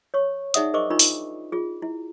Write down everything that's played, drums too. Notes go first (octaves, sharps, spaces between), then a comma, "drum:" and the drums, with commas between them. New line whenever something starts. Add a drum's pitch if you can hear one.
C#5 C#6
D#4 G#4 D5 E5 F#5 D#6, drum: hi-hat
G#4 A#4 C5 D#5 C#6 D6
D4 D#4 F4 A#4 B5 C#6
drum: open hi-hat
F4 G#4
E4